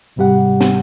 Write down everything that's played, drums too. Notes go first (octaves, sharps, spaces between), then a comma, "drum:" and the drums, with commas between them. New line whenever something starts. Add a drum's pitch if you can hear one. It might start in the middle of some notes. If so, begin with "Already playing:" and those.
C2 G#2 C3 G3 G4 F#5
drum: snare